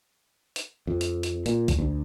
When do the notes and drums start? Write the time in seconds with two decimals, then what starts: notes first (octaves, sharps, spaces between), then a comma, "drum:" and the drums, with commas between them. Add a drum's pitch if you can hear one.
0.56 drum: hi-hat
0.87 F2
1.01 drum: hi-hat
1.23 drum: hi-hat
1.46 A#2, drum: hi-hat
1.68 drum: kick B1, hi-hat
1.79 D2